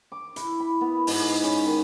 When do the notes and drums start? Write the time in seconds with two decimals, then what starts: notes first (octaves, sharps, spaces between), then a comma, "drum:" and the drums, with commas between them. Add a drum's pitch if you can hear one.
0.12 D6
0.36 E4, drum: hi-hat
0.60 B5
0.81 B3
1.07 G#2, drum: open hi-hat
1.44 C#4, drum: hi-hat
1.66 D#3